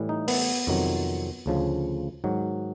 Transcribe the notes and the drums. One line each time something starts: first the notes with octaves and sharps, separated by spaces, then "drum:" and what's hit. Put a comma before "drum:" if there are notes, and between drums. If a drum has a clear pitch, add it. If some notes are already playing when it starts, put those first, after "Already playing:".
Already playing: A2 E3 G3
D#4
B3, drum: open hi-hat
F2 C3 D#3 F#3
D2 C#3 F3
G#2 D#3 F#3